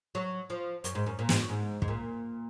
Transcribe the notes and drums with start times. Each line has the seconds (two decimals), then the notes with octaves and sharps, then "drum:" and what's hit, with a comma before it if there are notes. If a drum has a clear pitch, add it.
0.15 F#3
0.50 F3
0.84 F#2, drum: hi-hat
0.95 G#2
1.06 F#2
1.19 A#2
1.29 G#2, drum: snare
1.39 F#2
1.49 G#2
1.82 G#2, drum: kick
1.88 A#2